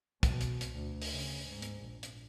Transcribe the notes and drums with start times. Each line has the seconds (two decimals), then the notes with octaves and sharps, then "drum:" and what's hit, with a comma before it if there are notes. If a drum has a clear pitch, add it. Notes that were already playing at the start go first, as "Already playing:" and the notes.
0.23 B2, drum: kick, hi-hat
0.41 drum: hi-hat
0.61 drum: hi-hat
0.76 D2
1.02 drum: open hi-hat
1.12 C#3
1.48 G#2
1.62 drum: hi-hat
1.83 A#1
2.03 drum: hi-hat